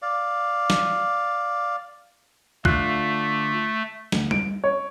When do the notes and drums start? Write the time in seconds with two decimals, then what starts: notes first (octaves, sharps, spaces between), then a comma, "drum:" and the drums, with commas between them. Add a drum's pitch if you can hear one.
0.02 D5 F5
0.70 drum: snare
2.65 D3 A3 F4 F#6, drum: kick C2
4.12 D2, drum: snare
4.31 D7, drum: tom G3
4.64 C#5